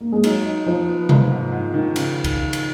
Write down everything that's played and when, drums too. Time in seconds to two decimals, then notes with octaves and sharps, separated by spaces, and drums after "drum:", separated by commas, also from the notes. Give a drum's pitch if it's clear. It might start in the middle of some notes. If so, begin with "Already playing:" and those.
0.01 A#3
0.12 G#3
0.24 F#3 D#4, drum: cymbal
0.45 D#4
0.66 F3 D#4
0.88 B3
1.09 A#3, drum: tom C3
1.32 G#2
1.52 G#2
1.74 D#3
1.96 C#3, drum: cymbal
2.24 drum: kick C#2, cymbal
2.53 drum: cymbal